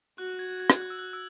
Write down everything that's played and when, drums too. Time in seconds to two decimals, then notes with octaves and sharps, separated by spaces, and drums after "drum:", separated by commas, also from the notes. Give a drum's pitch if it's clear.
0.18 F#4 F#6
0.39 G#6
0.60 G#6
0.70 drum: rim click
0.82 F#6
0.90 E6
0.99 F#6
1.13 E6